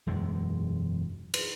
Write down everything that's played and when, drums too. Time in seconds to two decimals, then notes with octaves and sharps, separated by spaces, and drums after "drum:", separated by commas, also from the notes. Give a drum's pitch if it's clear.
0.07 E1 F#2 G#3
1.34 drum: cymbal